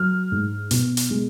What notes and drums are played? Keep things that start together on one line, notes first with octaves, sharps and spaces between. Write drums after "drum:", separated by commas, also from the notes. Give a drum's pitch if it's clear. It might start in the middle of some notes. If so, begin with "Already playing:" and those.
Already playing: F#3 F6
G#2
B2, drum: hi-hat
drum: hi-hat
G#3